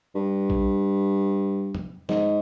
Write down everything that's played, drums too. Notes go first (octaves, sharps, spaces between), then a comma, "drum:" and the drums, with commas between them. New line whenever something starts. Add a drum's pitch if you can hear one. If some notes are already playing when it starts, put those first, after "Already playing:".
G2
drum: kick A#1
drum: tom
G#2, drum: snare